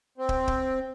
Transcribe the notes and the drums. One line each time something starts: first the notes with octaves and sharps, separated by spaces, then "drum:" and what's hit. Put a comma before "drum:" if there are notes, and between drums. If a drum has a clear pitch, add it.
C4
drum: kick
drum: kick